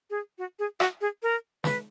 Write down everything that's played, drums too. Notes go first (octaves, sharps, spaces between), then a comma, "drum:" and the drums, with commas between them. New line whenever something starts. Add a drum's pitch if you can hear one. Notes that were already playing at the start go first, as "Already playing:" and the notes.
G#4
F#4
G#4
F#4, drum: rim click
G#4
A#4
B4, drum: snare